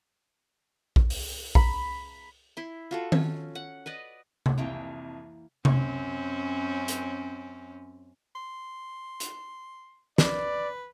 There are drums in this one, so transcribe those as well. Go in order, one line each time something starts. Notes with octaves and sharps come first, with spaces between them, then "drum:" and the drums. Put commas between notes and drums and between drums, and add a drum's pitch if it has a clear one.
drum: kick A#1
drum: open hi-hat
B5, drum: kick A#1
E4 C6
F4 F#4 A4
C#4, drum: tom D#3
F#5
B4 D5 D#5
drum: tom C3
C2 F2 E3 A#3 G5
F#2 C4 C#4, drum: tom C3
drum: hi-hat
C6
drum: hi-hat
B4 D5, drum: snare